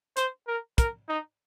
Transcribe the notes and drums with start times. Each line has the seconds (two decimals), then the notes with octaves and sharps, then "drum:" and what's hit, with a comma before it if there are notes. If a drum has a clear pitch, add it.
0.17 C5, drum: hi-hat
0.47 A#4
0.78 A#4, drum: kick, hi-hat
1.08 D#4